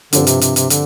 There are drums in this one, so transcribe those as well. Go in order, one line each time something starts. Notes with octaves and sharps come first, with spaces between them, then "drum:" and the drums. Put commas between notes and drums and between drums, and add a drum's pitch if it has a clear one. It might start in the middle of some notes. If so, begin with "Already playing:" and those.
G2 D3 F3 C4 G4 C5, drum: hi-hat
C3, drum: hi-hat
C3, drum: hi-hat
C3, drum: hi-hat
D3, drum: hi-hat